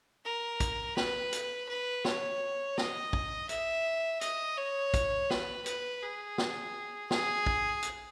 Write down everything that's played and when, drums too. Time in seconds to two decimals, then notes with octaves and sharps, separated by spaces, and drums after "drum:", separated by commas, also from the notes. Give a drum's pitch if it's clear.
0.24 A#4
0.60 drum: kick, hi-hat
0.97 B4, drum: snare
1.33 drum: hi-hat
1.69 B4
2.05 C#5, drum: snare
2.78 D#5, drum: snare
3.13 drum: kick
3.49 E5, drum: hi-hat
4.21 D#5, drum: hi-hat
4.57 C#5
4.94 drum: kick, hi-hat
5.30 B4, drum: snare
5.66 B4, drum: hi-hat
6.03 G#4
6.38 drum: snare
7.11 G#4, drum: snare
7.46 drum: kick
7.83 drum: hi-hat